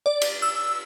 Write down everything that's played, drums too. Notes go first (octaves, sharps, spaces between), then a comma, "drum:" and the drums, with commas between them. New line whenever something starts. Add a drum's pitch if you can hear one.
D5
drum: cymbal
E6